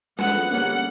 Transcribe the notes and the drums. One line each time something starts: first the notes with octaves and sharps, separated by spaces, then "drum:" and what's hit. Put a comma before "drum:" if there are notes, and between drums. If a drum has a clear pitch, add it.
F3 G#3 B3 F#5, drum: snare
D3 G3 A#3 C#4 F#5